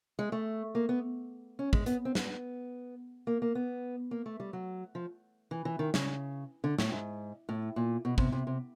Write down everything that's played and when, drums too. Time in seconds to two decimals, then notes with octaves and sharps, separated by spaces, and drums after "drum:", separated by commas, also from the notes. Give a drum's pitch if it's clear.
0.19 G#3
0.32 A3
0.75 A#3
0.89 B3
1.59 C#4
1.73 G#3, drum: kick
1.86 B3, drum: hi-hat
2.05 C4
2.15 B3, drum: snare
3.27 A#3
3.42 A#3
3.55 B3
4.11 A#3
4.26 A3
4.40 G3
4.53 F#3
4.95 F3
5.51 E3
5.65 E3
5.79 D#3
5.94 C#3, drum: snare
6.64 D3
6.78 A2, drum: snare
6.92 G#2
7.49 A2
7.76 A#2
8.05 B2
8.18 C3, drum: kick
8.32 C3
8.47 C3